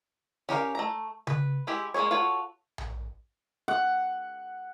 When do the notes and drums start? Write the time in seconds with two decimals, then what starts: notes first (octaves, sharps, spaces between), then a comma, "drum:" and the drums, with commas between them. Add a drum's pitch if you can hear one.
0.49 C#4 G4 A#4 F5, drum: snare
0.75 A3 A#5
1.27 B4, drum: tom C#3
1.67 G#3 E4 G4
1.94 G#3 A#3 E4 G#4 C#5
2.11 F4 F#4 A4 C#5
2.78 drum: tom A#1
3.68 F#5